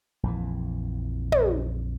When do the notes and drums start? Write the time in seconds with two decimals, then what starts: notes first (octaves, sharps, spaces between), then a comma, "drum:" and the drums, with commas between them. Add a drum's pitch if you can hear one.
0.23 A#1 F2 E3
1.32 drum: tom